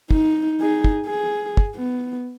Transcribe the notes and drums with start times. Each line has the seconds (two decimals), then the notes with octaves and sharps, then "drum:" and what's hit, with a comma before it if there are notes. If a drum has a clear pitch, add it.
0.11 D#4, drum: kick
0.60 D#4 G#4
0.84 drum: kick
1.06 G#4
1.57 drum: kick
1.76 B3